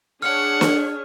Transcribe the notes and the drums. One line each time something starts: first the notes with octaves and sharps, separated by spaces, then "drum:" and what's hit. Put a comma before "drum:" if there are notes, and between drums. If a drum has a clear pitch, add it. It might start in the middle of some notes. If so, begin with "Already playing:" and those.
D4 G#4 C#5 F#5 F6
drum: snare